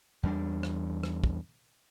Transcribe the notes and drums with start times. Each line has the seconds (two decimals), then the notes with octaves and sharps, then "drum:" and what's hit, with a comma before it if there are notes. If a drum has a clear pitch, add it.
0.23 E2 G3 G#3 D4
0.63 drum: rim click
1.03 drum: rim click
1.24 drum: kick